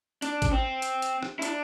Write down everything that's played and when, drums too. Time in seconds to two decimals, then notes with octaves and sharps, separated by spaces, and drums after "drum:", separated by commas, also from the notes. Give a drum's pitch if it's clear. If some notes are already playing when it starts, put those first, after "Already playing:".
0.22 D4, drum: hi-hat
0.42 drum: kick, hi-hat
0.52 C4
0.82 drum: hi-hat
1.02 drum: hi-hat
1.23 drum: rim click
1.39 E4
1.42 D4, drum: hi-hat